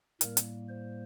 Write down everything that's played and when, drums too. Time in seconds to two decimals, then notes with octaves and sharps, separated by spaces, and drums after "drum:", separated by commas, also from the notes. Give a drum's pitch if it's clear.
0.21 A2 G3 A#3 A#4, drum: hi-hat
0.37 drum: hi-hat
0.69 C5